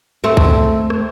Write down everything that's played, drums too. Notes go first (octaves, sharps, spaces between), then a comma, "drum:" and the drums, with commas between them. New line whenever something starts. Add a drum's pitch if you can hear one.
A3 C4
drum: kick C2
drum: rim click